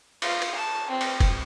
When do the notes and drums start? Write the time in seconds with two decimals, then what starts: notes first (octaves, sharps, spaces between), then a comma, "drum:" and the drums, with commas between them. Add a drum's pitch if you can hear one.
0.22 F4, drum: cymbal
0.42 drum: cymbal
0.55 A5
0.90 C4
1.01 drum: cymbal
1.20 drum: kick, cymbal